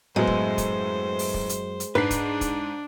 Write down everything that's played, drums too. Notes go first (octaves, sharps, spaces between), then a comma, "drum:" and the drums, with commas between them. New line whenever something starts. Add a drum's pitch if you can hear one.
F#2 A2 F#3 G#3 B3 C5
drum: kick
drum: kick, hi-hat
drum: open hi-hat
drum: kick
drum: hi-hat
drum: hi-hat
G#2 D4 B4 C7
drum: kick, hi-hat
drum: kick, hi-hat